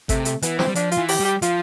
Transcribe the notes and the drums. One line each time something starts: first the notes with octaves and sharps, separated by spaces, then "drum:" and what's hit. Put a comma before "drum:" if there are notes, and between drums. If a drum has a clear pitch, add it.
C3 A3, drum: kick G#1, hi-hat
A3, drum: hi-hat
E3 B3, drum: hi-hat
C4, drum: snare
G3
F3 D4, drum: hi-hat
F4, drum: hi-hat
E3
G4, drum: open hi-hat
G3 G4
F3 F4, drum: hi-hat